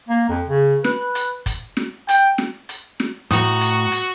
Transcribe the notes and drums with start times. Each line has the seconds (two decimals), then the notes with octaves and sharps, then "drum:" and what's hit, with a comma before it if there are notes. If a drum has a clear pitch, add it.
0.09 A#3
0.29 F2
0.47 C#3
0.84 B4, drum: snare
1.15 drum: hi-hat
1.46 drum: kick, hi-hat
1.77 drum: snare
2.08 G5, drum: hi-hat
2.38 drum: snare
2.69 drum: hi-hat
3.00 drum: snare
3.31 A2 F#4 A#5 D#6, drum: hi-hat
3.61 drum: hi-hat
3.92 drum: hi-hat